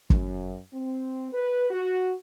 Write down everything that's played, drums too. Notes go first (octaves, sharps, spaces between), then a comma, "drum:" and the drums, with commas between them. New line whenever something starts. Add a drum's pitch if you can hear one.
F#2, drum: kick
C4
B4
F#4